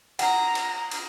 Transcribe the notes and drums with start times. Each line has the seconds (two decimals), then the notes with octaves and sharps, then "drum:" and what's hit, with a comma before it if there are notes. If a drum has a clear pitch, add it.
0.19 F#5 A#5, drum: cymbal
0.55 drum: cymbal
0.91 drum: cymbal